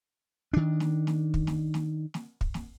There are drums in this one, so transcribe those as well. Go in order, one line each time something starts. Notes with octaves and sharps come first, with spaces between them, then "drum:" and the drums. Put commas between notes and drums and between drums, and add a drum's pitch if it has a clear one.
D#3 D4
drum: snare
drum: snare
drum: kick
drum: snare
drum: snare
drum: snare
drum: kick
drum: snare